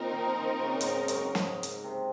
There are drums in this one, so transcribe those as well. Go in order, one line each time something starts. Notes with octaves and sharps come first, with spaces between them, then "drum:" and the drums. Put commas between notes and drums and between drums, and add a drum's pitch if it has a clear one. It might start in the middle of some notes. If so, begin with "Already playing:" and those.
Already playing: A#2 C4 D#4 A#4
D#3
F3
D#3
C#3
G#2, drum: hi-hat
F#2, drum: hi-hat
G#2, drum: snare
drum: hi-hat
C3